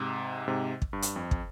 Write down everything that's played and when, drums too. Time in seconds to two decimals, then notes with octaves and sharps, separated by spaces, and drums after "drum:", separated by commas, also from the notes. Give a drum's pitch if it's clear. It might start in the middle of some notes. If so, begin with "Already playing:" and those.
Already playing: G#2 C3
0.48 G#2 C3
0.82 drum: kick
0.93 G2
1.02 drum: hi-hat
1.16 F2
1.31 drum: kick